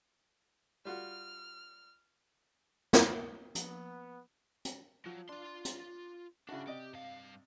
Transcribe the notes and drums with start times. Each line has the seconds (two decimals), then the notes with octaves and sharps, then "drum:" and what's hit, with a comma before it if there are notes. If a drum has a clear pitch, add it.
0.85 G3 F4 F#4 F6
2.93 drum: snare
3.55 F3 A#3 B3, drum: hi-hat
4.65 drum: hi-hat
5.06 F3 F#3
5.29 D4 F4 C6
5.65 drum: hi-hat
6.49 C#3 D4 E4 F#4
6.67 C3 G4 D5 D#5
6.93 G2 F5